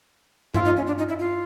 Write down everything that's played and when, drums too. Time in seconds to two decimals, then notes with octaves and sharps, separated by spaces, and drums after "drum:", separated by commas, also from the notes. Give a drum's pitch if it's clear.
0.54 E4 F4, drum: tom G2
0.65 D#4
0.77 C#4
0.87 D4
0.98 D#4
1.09 E4
1.19 F4